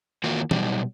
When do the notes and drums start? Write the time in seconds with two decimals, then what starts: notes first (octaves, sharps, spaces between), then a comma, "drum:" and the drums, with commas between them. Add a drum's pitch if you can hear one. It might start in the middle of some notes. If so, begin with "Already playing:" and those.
0.24 D#3 E3 A#3 F4 F#4
0.51 B2 F#3 G3 D#4, drum: tom